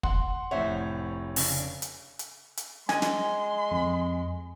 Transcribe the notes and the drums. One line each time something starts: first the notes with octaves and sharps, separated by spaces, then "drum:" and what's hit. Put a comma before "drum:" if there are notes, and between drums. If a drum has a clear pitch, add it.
F#5 C6, drum: kick
F1 A2 C5 C#5 E5 F#5
C#3 D4, drum: open hi-hat
drum: hi-hat
drum: hi-hat
drum: hi-hat
G#3 G#5 C6, drum: snare
drum: snare
F2